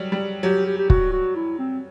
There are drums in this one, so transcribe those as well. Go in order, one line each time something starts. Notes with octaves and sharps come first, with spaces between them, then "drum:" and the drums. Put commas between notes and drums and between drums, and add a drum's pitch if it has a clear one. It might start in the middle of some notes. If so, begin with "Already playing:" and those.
Already playing: F#3 G3
G3
F#3 G4
G4
G4
F#4, drum: kick
F#4
E4
C4